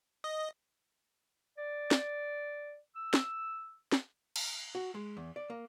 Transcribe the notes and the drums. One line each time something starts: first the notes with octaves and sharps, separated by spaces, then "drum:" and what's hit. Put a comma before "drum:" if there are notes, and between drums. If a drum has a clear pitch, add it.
D#5
D5
drum: snare
E6
drum: snare
drum: snare
drum: cymbal
F#4
G#3
E2
D5
A#3